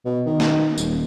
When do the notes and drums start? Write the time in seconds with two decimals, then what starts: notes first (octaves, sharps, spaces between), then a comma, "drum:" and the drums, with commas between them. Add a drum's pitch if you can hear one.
0.06 B2
0.26 D#3
0.40 drum: snare
0.78 D#1, drum: tambourine